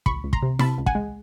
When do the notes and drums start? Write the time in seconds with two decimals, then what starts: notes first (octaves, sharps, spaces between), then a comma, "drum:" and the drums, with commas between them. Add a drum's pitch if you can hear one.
0.06 C#2 B5 C#6, drum: kick
0.24 C#2
0.33 A#5 C6, drum: kick
0.42 C3
0.59 C3 A5 B5, drum: snare
0.78 C#2
0.86 F#5 G#5, drum: kick
0.95 G#3